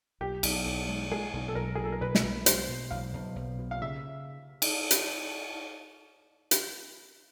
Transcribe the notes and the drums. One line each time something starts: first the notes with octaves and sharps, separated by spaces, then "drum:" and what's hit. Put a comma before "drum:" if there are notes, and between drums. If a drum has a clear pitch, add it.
B1 G4
B1, drum: cymbal
B1
G#3
G#3 G#4
B1
A4
B1 A#4
B1 G#4
A4
A#4
B1 B4
drum: snare
B1
G#3 C5, drum: hi-hat
B2
B1 F5
B1
B1
B2
F5
C#3 E5
drum: cymbal
drum: hi-hat
drum: hi-hat